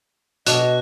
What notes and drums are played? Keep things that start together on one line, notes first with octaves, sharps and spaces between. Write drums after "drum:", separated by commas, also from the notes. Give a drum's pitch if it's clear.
B2 D4 D#5 F#6, drum: hi-hat